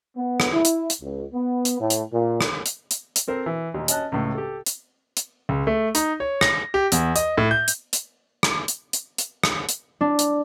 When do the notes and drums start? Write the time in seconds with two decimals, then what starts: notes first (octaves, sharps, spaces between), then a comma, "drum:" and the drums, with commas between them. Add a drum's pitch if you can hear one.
0.17 B3
0.40 drum: rim click
0.52 E4
0.65 drum: hi-hat
0.90 drum: hi-hat
1.02 C#2
1.34 B3
1.65 drum: hi-hat
1.81 A2
1.90 drum: hi-hat
2.13 A#2
2.41 drum: rim click
2.66 drum: hi-hat
2.91 drum: hi-hat
3.16 drum: hi-hat
3.28 C4 A4 A#4 C5
3.46 E3
3.74 D#2 A#2
3.88 C#4 D#5 A5 F#6, drum: hi-hat
4.12 C#2 A2
4.35 G4 A4
4.66 drum: hi-hat
5.17 drum: hi-hat
5.49 C#2
5.67 A3
5.95 D#4, drum: hi-hat
6.20 C#5
6.41 A#6, drum: rim click
6.74 G4
6.92 E2, drum: hi-hat
7.16 D#5, drum: hi-hat
7.38 A2
7.51 G6
7.68 drum: hi-hat
7.93 drum: hi-hat
8.43 drum: rim click
8.68 drum: hi-hat
8.93 drum: hi-hat
9.18 drum: hi-hat
9.44 drum: rim click
9.69 drum: hi-hat
10.01 D4
10.19 drum: hi-hat